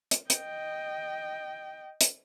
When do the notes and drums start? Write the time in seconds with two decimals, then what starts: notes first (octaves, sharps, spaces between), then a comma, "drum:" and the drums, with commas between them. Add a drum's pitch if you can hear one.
0.11 drum: hi-hat
0.30 D#5 G5, drum: hi-hat
2.01 drum: hi-hat